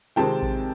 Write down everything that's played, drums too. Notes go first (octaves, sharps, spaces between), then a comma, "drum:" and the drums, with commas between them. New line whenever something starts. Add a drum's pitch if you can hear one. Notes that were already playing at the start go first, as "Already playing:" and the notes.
C3 D#3 G#3 C4 G5 A5
drum: kick A1